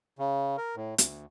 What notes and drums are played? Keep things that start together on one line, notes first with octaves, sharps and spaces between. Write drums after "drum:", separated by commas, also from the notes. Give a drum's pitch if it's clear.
C#3
A#4
A2
D2, drum: hi-hat